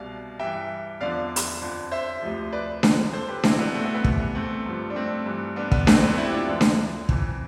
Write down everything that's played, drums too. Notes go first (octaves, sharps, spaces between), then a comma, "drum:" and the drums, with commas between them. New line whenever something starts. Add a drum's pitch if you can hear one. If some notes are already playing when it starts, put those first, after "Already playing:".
Already playing: C2 B2 D5 F5
G2 E3 E5 G5
E2 D3 F3 D5 F5
drum: hi-hat
F2 D3 F3
C5 E5
D2 C3 F3
B4 D5
F2 D3 F3, drum: snare D4
A4 C5
G4 B4
C2 B2 C4 E4, drum: snare D4
B3 D4
A3 C4
B3
B3
C2 C3 E3 A3, drum: kick
B3
A3 C4
G2 D3 F3
D4
A3 C4
G2 E3
B3 D4
B3, drum: kick
F2 E3 A3 C4, drum: snare D4
B3 D4
C4 E4
G4
D4 F4
D2 D3 F3
drum: snare D4
F2 E3, drum: kick